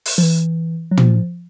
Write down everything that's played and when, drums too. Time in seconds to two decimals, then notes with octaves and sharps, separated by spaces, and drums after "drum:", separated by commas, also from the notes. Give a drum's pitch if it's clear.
0.06 drum: open hi-hat
0.18 F3
0.23 E3
0.91 F#3
0.97 F3, drum: tom